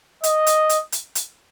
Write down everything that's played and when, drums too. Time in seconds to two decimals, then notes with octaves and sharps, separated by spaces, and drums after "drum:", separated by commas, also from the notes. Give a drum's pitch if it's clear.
0.24 D#5, drum: hi-hat
0.47 drum: hi-hat
0.69 drum: hi-hat
0.92 drum: hi-hat
1.15 drum: hi-hat